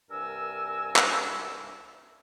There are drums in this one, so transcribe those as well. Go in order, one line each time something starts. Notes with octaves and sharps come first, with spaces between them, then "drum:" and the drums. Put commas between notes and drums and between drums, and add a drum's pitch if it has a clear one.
C2 G2 A#4 G#5 E6
drum: clap